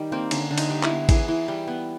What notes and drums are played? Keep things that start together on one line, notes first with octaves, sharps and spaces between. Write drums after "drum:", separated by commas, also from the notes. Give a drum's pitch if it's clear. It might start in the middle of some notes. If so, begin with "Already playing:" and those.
Already playing: D#3 G3
A#3 C4
D3 C#4, drum: cymbal
D3
D#4, drum: cymbal
G3
E4, drum: clap
B3
E3 G#4, drum: kick, cymbal
E3
G3
B3